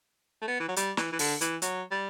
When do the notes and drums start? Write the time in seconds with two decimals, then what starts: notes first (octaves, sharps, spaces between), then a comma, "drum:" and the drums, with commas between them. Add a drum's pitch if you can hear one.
0.41 A3
0.47 B3
0.60 E3
0.68 F#3
0.76 G3, drum: hi-hat
0.97 E3, drum: snare
1.12 E3
1.19 D3, drum: open hi-hat
1.41 E3, drum: hi-hat
1.62 F#3, drum: hi-hat
1.91 G3